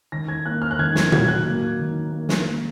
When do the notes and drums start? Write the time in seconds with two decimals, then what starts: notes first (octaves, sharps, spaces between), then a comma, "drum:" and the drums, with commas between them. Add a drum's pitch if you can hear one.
0.12 D#3 A#6
0.28 G#6
0.46 A#3 F#6
0.62 F6
0.71 F#6
0.79 D#3 G#6
0.96 G#6, drum: snare
1.12 F#3 G#6, drum: tom A#2
1.28 F#6
1.46 A#3
1.79 D#3
2.12 A#3
2.29 drum: snare
2.45 A#3